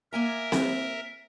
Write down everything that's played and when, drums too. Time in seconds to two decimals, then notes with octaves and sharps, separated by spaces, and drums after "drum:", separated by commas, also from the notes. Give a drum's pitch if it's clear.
0.13 A#3 A#4 E5 G#5 A#5
0.52 drum: snare C4